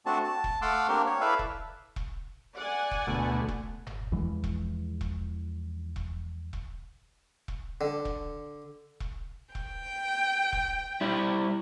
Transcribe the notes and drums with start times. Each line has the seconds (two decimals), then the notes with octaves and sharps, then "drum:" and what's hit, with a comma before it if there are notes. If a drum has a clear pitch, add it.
0.06 A3 C4 D4 F#4 A5
0.24 A5
0.44 drum: kick E1
0.62 A3 F5 F#5 C6 D6 E6
0.88 A#3 C4 D4 G4 A#4
1.07 C#5
1.21 E4 A4 B4 D5 E5 F5
1.39 drum: kick E1
1.96 drum: kick E1
2.57 D5 F#5 G#5
2.91 drum: kick E1
3.07 D2 B2 A3
3.48 drum: kick E1
3.87 drum: tom F#1
4.12 E2 E3 F3 G#3
4.44 drum: kick E1
5.01 drum: kick E1
5.96 drum: kick E1
6.53 drum: kick E1
7.48 drum: kick E1
7.81 D3
8.05 drum: kick E1
9.00 drum: kick E1
9.55 G5, drum: kick E1
10.53 drum: kick E1
11.01 G3 E4